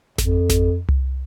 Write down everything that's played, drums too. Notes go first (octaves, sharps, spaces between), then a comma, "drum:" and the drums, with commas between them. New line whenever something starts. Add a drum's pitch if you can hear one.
F2, drum: snare G#1
drum: snare G#1
drum: tom C2